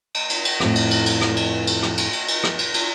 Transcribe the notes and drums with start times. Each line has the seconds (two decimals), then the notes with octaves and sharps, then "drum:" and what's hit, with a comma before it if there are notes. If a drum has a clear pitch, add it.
0.14 drum: cymbal
0.30 drum: cymbal
0.45 drum: cymbal
0.60 F2 A2, drum: rim click
0.75 drum: cymbal
0.91 drum: cymbal
1.06 drum: cymbal
1.21 drum: rim click
1.36 drum: cymbal
1.67 drum: cymbal
1.82 drum: rim click
1.98 drum: cymbal
2.13 drum: cymbal
2.28 drum: cymbal
2.43 drum: rim click
2.59 drum: cymbal
2.74 drum: cymbal